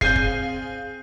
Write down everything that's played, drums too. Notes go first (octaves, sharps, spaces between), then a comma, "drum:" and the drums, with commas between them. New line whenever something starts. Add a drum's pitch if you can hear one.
C4 G#4 F5 G6 C7, drum: kick
drum: kick